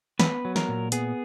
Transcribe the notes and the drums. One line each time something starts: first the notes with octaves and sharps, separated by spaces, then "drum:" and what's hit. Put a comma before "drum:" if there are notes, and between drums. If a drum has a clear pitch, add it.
B3 B4, drum: snare
F#3
A#4, drum: snare
A#2
B3 G#4, drum: hi-hat